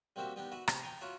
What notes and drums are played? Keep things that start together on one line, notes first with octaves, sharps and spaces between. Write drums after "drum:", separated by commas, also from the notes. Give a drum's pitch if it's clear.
G3 A#3 C4 F#4 G4 E5
G3 B3 D4 D#4 G4
F#4 B4 E5 F#5
C3 G4 C#6, drum: rim click
G5 G#5 A#5
F4 F#4 C#5 E5 F#5